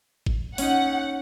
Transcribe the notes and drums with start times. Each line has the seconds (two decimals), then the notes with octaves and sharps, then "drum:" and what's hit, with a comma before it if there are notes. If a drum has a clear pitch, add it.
0.26 drum: kick
0.58 C#4 D#4 F#5, drum: open hi-hat